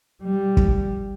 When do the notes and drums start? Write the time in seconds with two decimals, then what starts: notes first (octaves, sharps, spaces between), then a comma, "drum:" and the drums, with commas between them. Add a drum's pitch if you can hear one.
0.23 G3
0.57 drum: kick